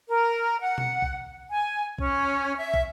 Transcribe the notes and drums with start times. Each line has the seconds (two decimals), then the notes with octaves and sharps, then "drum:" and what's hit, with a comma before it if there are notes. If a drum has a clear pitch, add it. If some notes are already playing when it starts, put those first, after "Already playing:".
0.09 A#4
0.62 F#5
0.78 drum: tom B2
1.02 drum: kick
1.51 G#5
1.98 C#4, drum: kick
2.57 E5
2.74 drum: kick